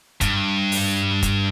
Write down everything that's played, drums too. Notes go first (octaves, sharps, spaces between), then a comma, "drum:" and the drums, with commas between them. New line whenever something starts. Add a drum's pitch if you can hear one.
G2, drum: kick, hi-hat
drum: open hi-hat
drum: kick, hi-hat